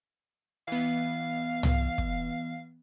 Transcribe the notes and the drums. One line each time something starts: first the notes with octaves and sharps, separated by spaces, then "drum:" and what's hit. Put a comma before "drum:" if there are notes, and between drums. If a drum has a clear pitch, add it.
E3 B3 F5
drum: tom
drum: kick